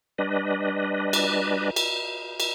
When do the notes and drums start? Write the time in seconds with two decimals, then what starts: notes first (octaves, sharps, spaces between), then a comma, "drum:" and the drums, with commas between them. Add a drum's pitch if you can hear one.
0.18 G3 D4 B4 D#5
1.13 drum: cymbal
1.76 drum: cymbal
2.40 drum: cymbal